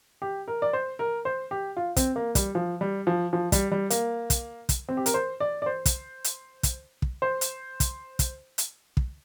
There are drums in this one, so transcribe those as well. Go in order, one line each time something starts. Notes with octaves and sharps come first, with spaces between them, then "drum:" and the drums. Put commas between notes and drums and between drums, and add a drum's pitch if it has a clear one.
G4
A#4
D5
C5
A#4
C5
G4
F4
C4, drum: kick, hi-hat
A#3
G3, drum: kick, hi-hat
F3
G3
F3
F3
G3, drum: kick, hi-hat
G3
A#3, drum: hi-hat
drum: kick, hi-hat
drum: kick, hi-hat
C4
G4
A#4, drum: hi-hat
C5
D5
D5
C5
drum: kick, hi-hat
drum: hi-hat
drum: kick, hi-hat
drum: kick
C5
drum: hi-hat
drum: kick, hi-hat
drum: kick, hi-hat
drum: hi-hat
drum: kick